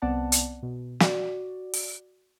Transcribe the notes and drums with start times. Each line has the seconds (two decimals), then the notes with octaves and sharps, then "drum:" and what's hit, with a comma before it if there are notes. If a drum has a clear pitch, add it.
0.02 C2 B3 C4 D5 F#5 A5
0.32 drum: hi-hat
0.63 B2
1.00 F#4 D5, drum: snare
1.74 drum: open hi-hat